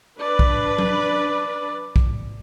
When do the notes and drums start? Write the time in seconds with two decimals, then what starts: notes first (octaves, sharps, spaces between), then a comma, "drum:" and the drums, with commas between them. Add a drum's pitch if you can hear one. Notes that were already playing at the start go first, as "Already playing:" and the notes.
0.20 D4 B4 D5
0.39 drum: kick B1
0.78 drum: tom F#3
1.96 drum: kick B1